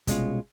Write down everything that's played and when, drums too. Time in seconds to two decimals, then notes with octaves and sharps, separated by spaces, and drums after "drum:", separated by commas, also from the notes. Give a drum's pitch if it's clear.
0.07 C2 B2 G#3 C#4 F4, drum: kick, hi-hat